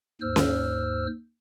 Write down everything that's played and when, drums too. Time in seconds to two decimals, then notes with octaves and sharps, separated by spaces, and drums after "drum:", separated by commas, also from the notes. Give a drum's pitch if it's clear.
0.21 D#2 G#2 C5 E6 F6
0.36 drum: snare C#4